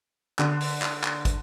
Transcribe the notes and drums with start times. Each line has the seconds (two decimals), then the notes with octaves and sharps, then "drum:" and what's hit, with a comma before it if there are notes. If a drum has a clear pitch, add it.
0.39 D3, drum: clap
0.60 drum: open hi-hat
0.82 drum: clap
1.04 drum: clap
1.25 drum: kick, hi-hat